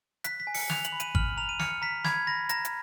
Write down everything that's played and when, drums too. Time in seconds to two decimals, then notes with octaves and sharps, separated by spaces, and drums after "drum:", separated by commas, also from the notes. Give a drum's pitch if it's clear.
0.24 F#6 B6, drum: hi-hat
0.40 B6
0.47 G#5
0.54 C#7, drum: open hi-hat
0.70 F#6 F7, drum: snare
0.84 F#7, drum: hi-hat
0.92 B5
1.00 D#7, drum: hi-hat
1.15 F6 F#7, drum: kick G#1
1.37 A#5 F7
1.49 D#7
1.59 F6 C#7, drum: snare
1.82 A#5 B6
2.04 B5 G#6, drum: snare
2.27 B5 A#6
2.49 A#5 A#6, drum: hi-hat
2.65 drum: hi-hat